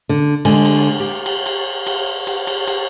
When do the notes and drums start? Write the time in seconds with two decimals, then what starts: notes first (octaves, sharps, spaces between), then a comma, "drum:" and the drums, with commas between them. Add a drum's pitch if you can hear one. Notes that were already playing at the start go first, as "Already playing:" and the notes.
0.09 D3
0.45 D3 G#3 G#5, drum: cymbal
0.65 drum: cymbal
1.00 G4
1.26 drum: cymbal
1.46 drum: cymbal
1.87 drum: cymbal
2.27 drum: cymbal
2.47 drum: cymbal
2.68 drum: cymbal